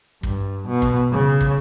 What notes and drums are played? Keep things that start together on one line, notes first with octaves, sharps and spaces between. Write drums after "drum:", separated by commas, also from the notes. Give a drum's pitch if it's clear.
G2, drum: kick
B2
drum: kick
C#3
drum: kick